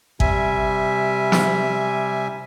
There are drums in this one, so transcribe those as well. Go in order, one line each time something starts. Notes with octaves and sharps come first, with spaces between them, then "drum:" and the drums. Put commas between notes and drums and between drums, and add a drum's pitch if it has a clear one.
C3 G3 E5 G#5, drum: kick G#1
drum: snare